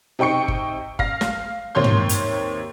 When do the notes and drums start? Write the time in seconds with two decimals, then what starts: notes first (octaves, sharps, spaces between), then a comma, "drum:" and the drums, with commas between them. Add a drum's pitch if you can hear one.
0.19 C3 D#4 G5 C#6 C#7
0.48 drum: kick G1
0.99 F5 A#6, drum: kick G1
1.21 drum: snare
1.75 D#2 C3 C#5 C6 G6
1.84 drum: tom
2.09 drum: hi-hat